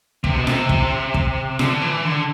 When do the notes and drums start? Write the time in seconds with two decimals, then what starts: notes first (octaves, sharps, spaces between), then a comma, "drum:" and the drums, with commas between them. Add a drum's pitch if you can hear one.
0.24 C3, drum: kick
0.36 B2
0.47 C3, drum: snare F4
0.69 drum: kick
1.14 drum: kick
1.59 D3, drum: snare F4
1.82 E3
2.05 D3